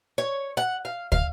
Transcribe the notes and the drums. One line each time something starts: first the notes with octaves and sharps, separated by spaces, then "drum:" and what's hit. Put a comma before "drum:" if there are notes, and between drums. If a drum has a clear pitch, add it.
C#5
F#5
F5
F5, drum: kick